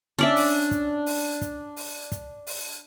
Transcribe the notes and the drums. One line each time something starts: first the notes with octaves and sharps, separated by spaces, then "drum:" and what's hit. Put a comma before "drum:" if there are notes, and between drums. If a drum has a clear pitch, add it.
C#4 D4 D5 E5
drum: open hi-hat
drum: kick, hi-hat
drum: open hi-hat
drum: kick, hi-hat
drum: open hi-hat
drum: kick, hi-hat
drum: open hi-hat